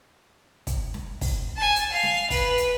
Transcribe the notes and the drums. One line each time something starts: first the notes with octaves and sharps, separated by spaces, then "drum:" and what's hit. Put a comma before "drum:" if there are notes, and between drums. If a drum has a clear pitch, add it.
drum: kick, hi-hat
drum: snare
drum: kick, open hi-hat
G#5 A5
drum: hi-hat
F5
drum: snare
B4, drum: kick, open hi-hat
drum: hi-hat